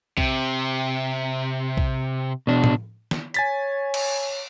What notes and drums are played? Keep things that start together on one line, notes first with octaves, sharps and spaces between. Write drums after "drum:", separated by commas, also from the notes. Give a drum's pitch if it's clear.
C3, drum: kick
drum: kick
B2 D4
drum: tom A2
drum: snare
C#5 G#5 A6 B6, drum: hi-hat
drum: cymbal